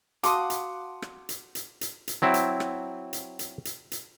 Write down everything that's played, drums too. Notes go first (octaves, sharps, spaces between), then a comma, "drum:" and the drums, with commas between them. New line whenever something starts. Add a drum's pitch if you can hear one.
F#4 F5 F#5 A5 C6 D6 D#6, drum: hi-hat
drum: hi-hat
drum: rim click
drum: hi-hat
drum: hi-hat
drum: hi-hat
drum: hi-hat
F#3 C4 E4
drum: hi-hat
drum: rim click
drum: hi-hat
drum: hi-hat
drum: hi-hat
drum: hi-hat